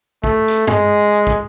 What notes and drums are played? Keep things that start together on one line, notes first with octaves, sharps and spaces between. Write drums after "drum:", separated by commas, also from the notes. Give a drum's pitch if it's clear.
A3, drum: kick
drum: hi-hat
G#3, drum: tom
drum: kick